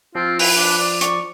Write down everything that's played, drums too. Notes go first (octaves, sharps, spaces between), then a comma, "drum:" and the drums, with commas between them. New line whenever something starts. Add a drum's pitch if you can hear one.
F3 C4 F4
E4 B4, drum: open hi-hat
D4
D5
D5 C#6, drum: hi-hat